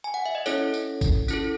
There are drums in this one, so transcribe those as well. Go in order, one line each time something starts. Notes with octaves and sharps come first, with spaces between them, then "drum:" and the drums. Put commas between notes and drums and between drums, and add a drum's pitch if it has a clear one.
G#5
F#5
E5
D#5
C#4 E4 A4 C#5, drum: tambourine
drum: tambourine
drum: kick, tambourine
C#4 E4 A4, drum: tambourine